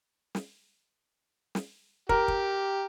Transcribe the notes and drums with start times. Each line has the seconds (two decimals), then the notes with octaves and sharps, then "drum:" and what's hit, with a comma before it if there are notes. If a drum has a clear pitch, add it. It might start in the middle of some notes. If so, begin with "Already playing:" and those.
0.35 drum: snare
1.55 drum: snare
2.09 G4 A#4, drum: kick
2.28 drum: kick